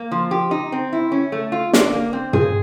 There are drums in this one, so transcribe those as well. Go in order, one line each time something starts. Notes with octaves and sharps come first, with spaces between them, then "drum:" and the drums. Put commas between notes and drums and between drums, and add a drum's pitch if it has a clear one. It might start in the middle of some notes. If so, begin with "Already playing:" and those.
Already playing: A#3
F3
G4
D#4
C4
E4
C#4
A3
F4
D4, drum: snare
A#3
C4
G#4, drum: tom